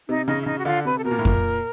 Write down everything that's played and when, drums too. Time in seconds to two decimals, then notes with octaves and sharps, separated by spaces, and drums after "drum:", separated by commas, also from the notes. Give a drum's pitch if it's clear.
0.09 C3 D#4
0.28 C#3 D#4
0.42 E4
0.46 C#3 D#4
0.59 F#4
0.65 D3 F4
0.85 C3 B4
0.98 A4
1.04 B2 A#4
1.11 A#2
1.19 A2
1.25 A#2, drum: kick F2